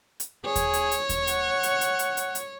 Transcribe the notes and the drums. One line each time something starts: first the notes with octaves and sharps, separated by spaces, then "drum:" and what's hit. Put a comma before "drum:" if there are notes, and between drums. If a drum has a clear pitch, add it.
drum: hi-hat
G#4 C#5
drum: kick D#2, hi-hat
drum: hi-hat
drum: hi-hat
drum: kick D#2, hi-hat
F#5, drum: hi-hat
drum: hi-hat
drum: hi-hat
drum: hi-hat
drum: hi-hat
drum: hi-hat